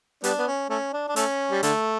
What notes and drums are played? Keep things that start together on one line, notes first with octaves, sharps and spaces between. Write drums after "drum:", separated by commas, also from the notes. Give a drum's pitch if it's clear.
G3 B3 D4, drum: hi-hat
B3
C#4
A3 C#4
D4
D4
A3 C#4, drum: hi-hat
G3
D3 A3, drum: hi-hat